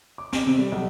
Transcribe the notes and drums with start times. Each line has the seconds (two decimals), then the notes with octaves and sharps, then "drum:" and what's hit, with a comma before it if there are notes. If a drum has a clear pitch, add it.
0.18 D6
0.33 D7, drum: snare
0.46 C3
0.59 G3
0.72 B1